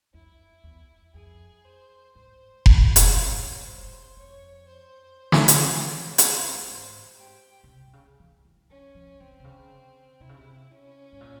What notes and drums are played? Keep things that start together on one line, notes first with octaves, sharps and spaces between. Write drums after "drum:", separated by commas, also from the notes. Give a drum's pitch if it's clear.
F2 E4
E2
F2 G#4
C5
G#2 C5
G#4, drum: kick F1
drum: hi-hat
G2 C#5
C5
F2 C#5
C5
drum: snare
drum: hi-hat
C#5
C5, drum: hi-hat
F2
G#2
G4
C#3
C3
C3
C#3
E3
E3
F3 C#4
F3
E3 C4
C3
C#3
C3 E4
C#3
C3
C#4
G#2
A#2